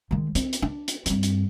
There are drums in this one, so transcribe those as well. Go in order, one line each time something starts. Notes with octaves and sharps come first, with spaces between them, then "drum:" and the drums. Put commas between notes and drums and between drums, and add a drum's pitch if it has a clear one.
D#3 G#3
C4, drum: hi-hat
drum: hi-hat
D4
drum: hi-hat
G2 C4, drum: hi-hat
drum: hi-hat